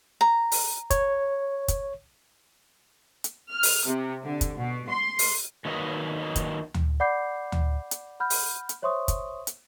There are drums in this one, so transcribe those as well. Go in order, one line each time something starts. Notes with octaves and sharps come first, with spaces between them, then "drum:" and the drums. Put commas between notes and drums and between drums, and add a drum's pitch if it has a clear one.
A#5
drum: open hi-hat
C#5, drum: kick, hi-hat
drum: kick, hi-hat
drum: hi-hat
F6
drum: open hi-hat
C3
D3
drum: kick, hi-hat
B2
C6
drum: open hi-hat
D#3 F#3 A#3 D#4 B4 D#5
drum: kick, hi-hat
drum: tom D2
D5 F#5 B5 D6 G6 C7
drum: tom D2
drum: hi-hat
F#5 B5 F6 G6
drum: open hi-hat
drum: hi-hat
C5 C#5 E5 C6 C#6 D#6
drum: kick, hi-hat
drum: hi-hat